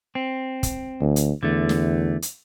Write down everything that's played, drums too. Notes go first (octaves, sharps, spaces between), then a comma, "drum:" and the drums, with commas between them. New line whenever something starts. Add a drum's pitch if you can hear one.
C4
drum: kick, hi-hat
D2
drum: hi-hat
E2 D3 A3
drum: snare
drum: hi-hat